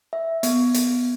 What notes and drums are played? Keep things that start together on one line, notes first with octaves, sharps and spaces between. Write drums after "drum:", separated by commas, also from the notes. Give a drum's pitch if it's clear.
E5
B3, drum: hi-hat
drum: hi-hat